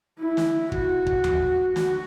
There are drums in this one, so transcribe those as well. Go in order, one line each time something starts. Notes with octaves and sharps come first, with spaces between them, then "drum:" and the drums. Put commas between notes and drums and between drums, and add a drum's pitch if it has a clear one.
E4
drum: snare
F#4, drum: kick
drum: kick
drum: tom D#2
F#4, drum: snare